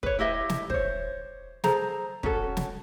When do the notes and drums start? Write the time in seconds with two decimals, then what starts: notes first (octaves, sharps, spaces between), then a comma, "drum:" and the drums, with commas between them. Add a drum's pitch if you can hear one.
0.03 B4 C#5, drum: kick
0.19 E4 G4 D#5 E5
0.49 drum: snare
0.70 C5 C#5, drum: kick
1.64 G#4 A4 C5 A#5, drum: snare
2.23 C#4 F#4 A4, drum: kick
2.57 drum: snare